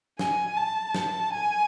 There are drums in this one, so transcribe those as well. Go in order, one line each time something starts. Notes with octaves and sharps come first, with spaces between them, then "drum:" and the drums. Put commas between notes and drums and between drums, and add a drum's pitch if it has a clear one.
G#5, drum: snare
A5
drum: snare
G#5